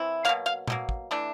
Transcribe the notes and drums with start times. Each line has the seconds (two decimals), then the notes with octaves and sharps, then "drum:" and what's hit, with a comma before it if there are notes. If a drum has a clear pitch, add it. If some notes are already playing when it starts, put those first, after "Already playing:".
Already playing: E3 C4 E4
0.25 B2 F#3 A#3 F5
0.46 F5
0.68 B2 F#3 A#3, drum: tom
0.89 drum: kick
1.11 E3 A3 D4